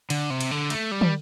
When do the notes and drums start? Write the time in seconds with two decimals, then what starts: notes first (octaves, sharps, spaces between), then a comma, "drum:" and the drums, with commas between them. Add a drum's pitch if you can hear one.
0.10 D3, drum: cymbal
0.30 C3
0.41 drum: cymbal
0.51 D3
0.70 A3, drum: cymbal
0.91 G3
1.01 drum: tom